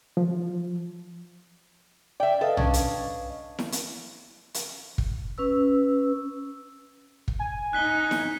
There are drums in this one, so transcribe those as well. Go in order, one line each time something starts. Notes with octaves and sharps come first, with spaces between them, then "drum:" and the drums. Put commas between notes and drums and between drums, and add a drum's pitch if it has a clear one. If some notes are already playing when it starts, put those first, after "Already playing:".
F3
D5 E5 G5
A4 B4 D#5 F5
C#4 D4, drum: tom
drum: hi-hat
drum: snare E4
drum: hi-hat
drum: hi-hat
drum: kick
C#4 B4 E6
drum: kick
G#5
D#4 F#6 B6 G7
drum: snare E4